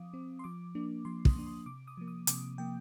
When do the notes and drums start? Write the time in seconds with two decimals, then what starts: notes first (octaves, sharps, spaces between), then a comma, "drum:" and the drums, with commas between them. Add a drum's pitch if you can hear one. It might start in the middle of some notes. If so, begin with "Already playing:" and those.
Already playing: F3 C4 F5 D6 D#6
0.14 C4
0.39 C6
0.44 F3 D6
0.75 A#3 D4
1.05 F3 C6
1.25 D#6, drum: kick
1.35 A#3 D4
1.46 C6
1.66 C3 D6
1.87 D#6
1.97 F3 A#3
2.08 D#6
2.27 C3 D6, drum: hi-hat
2.58 F3 A#3 G5